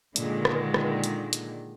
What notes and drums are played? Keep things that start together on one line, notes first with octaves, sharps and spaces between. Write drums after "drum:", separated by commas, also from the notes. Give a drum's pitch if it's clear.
A#2 D3 D#3 G#3, drum: hi-hat
drum: rim click
drum: rim click
drum: hi-hat
drum: hi-hat